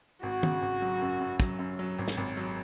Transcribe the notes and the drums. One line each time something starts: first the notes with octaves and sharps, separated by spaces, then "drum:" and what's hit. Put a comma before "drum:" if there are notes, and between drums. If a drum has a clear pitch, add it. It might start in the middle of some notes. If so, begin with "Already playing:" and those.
G#1 F#4
C#3, drum: tom
G#1
F#3
F#2
F#2
F#3, drum: kick
F#2
F#3
G#1
drum: snare
G#1
F#3